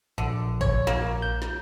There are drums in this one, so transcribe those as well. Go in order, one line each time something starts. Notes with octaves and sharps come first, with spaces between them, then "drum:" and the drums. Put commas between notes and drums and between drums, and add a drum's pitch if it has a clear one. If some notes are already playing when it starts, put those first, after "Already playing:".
A#1 D3
C#5, drum: kick
A#3, drum: snare
G6
drum: snare